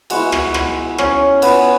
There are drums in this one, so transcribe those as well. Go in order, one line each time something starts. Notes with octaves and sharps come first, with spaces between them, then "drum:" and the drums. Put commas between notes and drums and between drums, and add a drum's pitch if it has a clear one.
G#3 B3 E4 F#4 F#5, drum: cymbal
drum: rim click
drum: rim click
C#4 C#5, drum: rim click
B3 B4, drum: cymbal